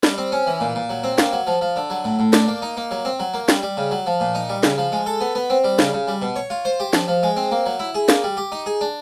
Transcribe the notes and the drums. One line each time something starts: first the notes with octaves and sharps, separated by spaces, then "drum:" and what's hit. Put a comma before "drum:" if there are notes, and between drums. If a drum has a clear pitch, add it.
G3, drum: snare
C4
C#4
E3
A#2
A#2
F#3
C4
A#3, drum: snare
F#3
F3
F3
D3
F#3
A2
A2
D4, drum: snare
A#3
D#4
A#3
F#3
C4
F#3
A#3
G3, drum: snare
G3
C#3
F#3
F3
A#2
D#4
G3
C#3, drum: snare
F3
G#3
A4
B3
B3
C4
G3
C#3, drum: snare
C#3
G3
B2
C#5
F4
C5
G4
F3, drum: snare
F3
G#3
C4
A#3
F#3
E4
G#4
A#3, drum: snare
G3
G4
D#4
G#4
D4